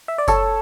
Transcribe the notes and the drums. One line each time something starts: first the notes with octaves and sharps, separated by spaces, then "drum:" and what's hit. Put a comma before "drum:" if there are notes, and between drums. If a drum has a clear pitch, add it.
E5
D5
A4 C#5, drum: kick F#1, tambourine